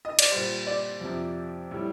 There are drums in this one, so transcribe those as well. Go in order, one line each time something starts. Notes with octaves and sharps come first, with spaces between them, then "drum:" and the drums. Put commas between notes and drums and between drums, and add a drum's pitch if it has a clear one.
D#5
D5, drum: cymbal
A#2 G3 C5
D5
F2 C3 F3
A2 G3